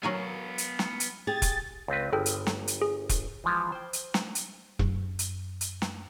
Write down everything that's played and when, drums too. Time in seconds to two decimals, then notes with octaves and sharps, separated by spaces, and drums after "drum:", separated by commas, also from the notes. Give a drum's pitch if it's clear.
0.03 F#3 B3 A#4 F5 G#5
0.58 drum: hi-hat
0.79 drum: snare
1.00 drum: hi-hat
1.27 G4 G#4 A6
1.42 drum: kick E1, hi-hat
1.88 C#2 C4 B4
2.13 G1 G#4 A4 G5
2.26 drum: hi-hat
2.47 drum: snare
2.68 drum: hi-hat
2.82 G#4
3.09 drum: kick E1, hi-hat
3.44 E3 F3 G#3
3.72 C5 G5
3.93 drum: hi-hat
4.14 drum: snare
4.35 drum: hi-hat
4.79 F#2, drum: kick E1
5.19 drum: hi-hat
5.61 drum: hi-hat
5.82 drum: snare